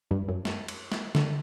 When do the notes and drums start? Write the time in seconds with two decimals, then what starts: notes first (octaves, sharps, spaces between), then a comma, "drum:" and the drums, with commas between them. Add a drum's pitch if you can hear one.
0.11 G2
0.28 F#2
0.45 drum: snare
0.68 drum: cymbal
0.92 drum: snare
1.15 D3, drum: snare